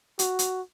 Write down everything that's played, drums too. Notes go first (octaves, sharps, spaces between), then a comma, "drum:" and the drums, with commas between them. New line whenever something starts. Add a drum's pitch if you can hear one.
F#4, drum: hi-hat
drum: hi-hat